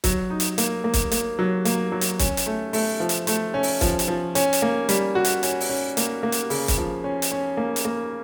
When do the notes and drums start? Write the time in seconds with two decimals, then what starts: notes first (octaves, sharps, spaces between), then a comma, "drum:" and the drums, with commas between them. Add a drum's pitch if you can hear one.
0.04 F#3, drum: kick, hi-hat
0.30 D#4
0.40 drum: hi-hat
0.58 A#3, drum: hi-hat
0.84 A#3
0.94 drum: kick, hi-hat
1.12 A#3, drum: hi-hat
1.39 F#3
1.65 A#3, drum: hi-hat
1.92 F#3
2.01 drum: hi-hat
2.19 C#4, drum: kick, hi-hat
2.37 drum: hi-hat
2.46 A3
2.73 A3, drum: open hi-hat
3.00 F3
3.09 drum: hi-hat
3.27 A3, drum: hi-hat
3.54 C#4
3.63 drum: open hi-hat
3.81 F3, drum: kick, hi-hat
3.99 drum: hi-hat
4.08 F3
4.35 C#4, drum: hi-hat
4.53 drum: hi-hat
4.62 A#3
4.89 G3, drum: hi-hat
5.15 F#4
5.25 drum: hi-hat
5.43 C#4, drum: hi-hat
5.60 drum: open hi-hat
5.70 C#4
5.97 A#3, drum: hi-hat
6.23 A#3
6.32 drum: hi-hat
6.50 C#3, drum: open hi-hat
6.68 drum: kick, hi-hat
6.77 F3
7.04 C#4
7.22 drum: hi-hat
7.32 C#4
7.57 A#3
7.76 drum: hi-hat
7.85 A#3